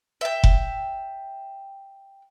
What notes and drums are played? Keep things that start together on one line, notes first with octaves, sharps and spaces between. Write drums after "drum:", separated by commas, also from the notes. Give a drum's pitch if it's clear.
E5 G5
drum: kick F1